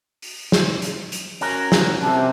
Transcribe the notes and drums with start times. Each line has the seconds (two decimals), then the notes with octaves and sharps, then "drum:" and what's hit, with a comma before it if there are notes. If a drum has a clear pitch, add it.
0.22 drum: open hi-hat
0.52 drum: snare
0.82 drum: hi-hat
1.12 drum: hi-hat
1.41 C#4 F#4 A#4, drum: open hi-hat
1.72 drum: snare
2.02 C3 A5